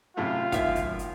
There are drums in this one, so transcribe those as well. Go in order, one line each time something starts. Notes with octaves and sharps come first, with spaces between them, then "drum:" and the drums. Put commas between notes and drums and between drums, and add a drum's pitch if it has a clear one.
F#2 A2 C3 F4
F#2 A2 D#3 E5 F5, drum: kick, hi-hat
drum: kick, hi-hat
drum: hi-hat